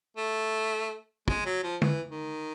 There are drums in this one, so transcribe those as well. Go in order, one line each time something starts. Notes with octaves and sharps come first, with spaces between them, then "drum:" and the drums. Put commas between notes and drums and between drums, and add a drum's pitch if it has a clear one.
A3
G#3, drum: kick
F#3
F3
E3, drum: tom
D#3